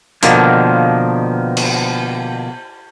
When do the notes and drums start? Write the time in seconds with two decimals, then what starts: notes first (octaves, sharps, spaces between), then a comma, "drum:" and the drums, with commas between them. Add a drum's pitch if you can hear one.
0.23 B2 D3 D#3 F3 A#3, drum: hi-hat
1.57 drum: cymbal